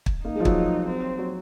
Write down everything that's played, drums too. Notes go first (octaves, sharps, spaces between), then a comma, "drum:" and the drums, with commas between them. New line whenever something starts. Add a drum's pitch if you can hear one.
drum: kick
A#3 D#4
F3 G#3
F#3, drum: kick
C4
F#3